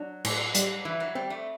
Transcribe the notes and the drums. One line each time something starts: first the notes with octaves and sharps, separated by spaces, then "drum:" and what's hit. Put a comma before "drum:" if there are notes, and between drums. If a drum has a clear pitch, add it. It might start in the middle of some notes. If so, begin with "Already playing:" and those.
Already playing: F#3 D4
A2, drum: cymbal
G3, drum: hi-hat
E3 E4
F#3
G3 C4
A3